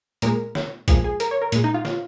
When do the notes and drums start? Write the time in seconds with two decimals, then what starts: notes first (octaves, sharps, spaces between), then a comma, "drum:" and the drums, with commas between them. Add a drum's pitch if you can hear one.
0.22 A#2 G#3 A#4, drum: hi-hat
0.55 drum: snare
0.88 A#2 F3 G#3 G#4, drum: kick A1, hi-hat
1.04 G#4
1.20 A#4, drum: hi-hat
1.31 C#5
1.42 A#4
1.52 A#2 G#3, drum: hi-hat
1.64 D#4
1.74 F4
1.85 F4, drum: snare